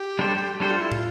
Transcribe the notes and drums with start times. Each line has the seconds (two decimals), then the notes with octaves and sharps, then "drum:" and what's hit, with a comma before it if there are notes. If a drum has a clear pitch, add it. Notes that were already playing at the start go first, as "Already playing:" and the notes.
Already playing: G4
0.19 G3 D4 A4 C5
0.60 G3 D4 G4 A4 C5
0.71 F4
0.81 E4
0.92 F4, drum: tom